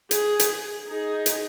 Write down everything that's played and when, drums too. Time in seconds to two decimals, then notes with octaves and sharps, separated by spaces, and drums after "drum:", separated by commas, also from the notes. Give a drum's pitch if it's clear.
0.11 G#4, drum: hi-hat
0.39 drum: hi-hat
0.88 D#4 G#4
1.26 drum: hi-hat